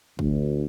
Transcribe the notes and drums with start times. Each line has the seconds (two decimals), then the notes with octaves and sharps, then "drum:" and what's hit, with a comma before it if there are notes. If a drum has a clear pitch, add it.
0.19 D2, drum: kick